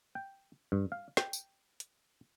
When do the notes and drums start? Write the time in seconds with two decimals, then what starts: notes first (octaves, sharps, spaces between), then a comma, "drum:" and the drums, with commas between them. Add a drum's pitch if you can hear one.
0.15 G5
0.72 G2
0.92 F5
1.17 G5, drum: snare
1.33 drum: tambourine
1.80 drum: hi-hat